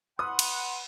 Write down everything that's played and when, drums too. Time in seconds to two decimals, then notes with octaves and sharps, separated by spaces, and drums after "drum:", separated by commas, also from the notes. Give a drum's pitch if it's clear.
0.19 B4 F#5 B5 C6 D#6
0.39 drum: cymbal